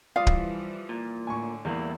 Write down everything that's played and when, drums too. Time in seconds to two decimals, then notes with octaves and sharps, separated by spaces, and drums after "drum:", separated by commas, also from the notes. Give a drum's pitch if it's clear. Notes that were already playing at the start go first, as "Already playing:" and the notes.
0.16 E3 F3 G3 F4 D5 F5 D#6
0.27 drum: kick
0.89 A#2
1.27 A2 D3 G#5 C#6
1.65 E2 G3 A#3 E4